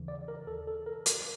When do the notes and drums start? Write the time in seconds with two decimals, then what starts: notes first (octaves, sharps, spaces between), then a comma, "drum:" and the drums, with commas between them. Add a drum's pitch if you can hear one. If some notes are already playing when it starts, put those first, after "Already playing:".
Already playing: D#2 C#3 E3
0.08 D5
0.28 A#4
0.47 A4
0.67 A4
0.86 A#4
1.06 A#4, drum: hi-hat